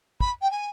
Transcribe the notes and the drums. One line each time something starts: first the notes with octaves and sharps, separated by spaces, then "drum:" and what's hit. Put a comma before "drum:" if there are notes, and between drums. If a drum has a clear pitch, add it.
B5, drum: kick
G5
G#5